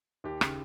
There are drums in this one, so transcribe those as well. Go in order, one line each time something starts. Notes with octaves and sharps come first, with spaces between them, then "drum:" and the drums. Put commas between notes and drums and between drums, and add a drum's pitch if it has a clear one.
D#2 G4
C#3, drum: rim click